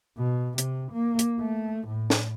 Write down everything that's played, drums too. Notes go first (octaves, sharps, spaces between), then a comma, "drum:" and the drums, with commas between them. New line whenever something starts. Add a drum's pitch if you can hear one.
B2
C3, drum: hi-hat
A#3
drum: hi-hat
A3
A2
drum: snare